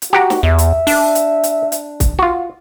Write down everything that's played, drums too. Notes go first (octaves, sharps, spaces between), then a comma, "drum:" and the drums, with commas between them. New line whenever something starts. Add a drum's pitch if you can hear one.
drum: hi-hat
F#4 G4 F#5 A#5
drum: snare
E2 E5
drum: hi-hat
D4, drum: open hi-hat
drum: hi-hat
drum: hi-hat
drum: hi-hat
drum: kick, hi-hat
F4 F#4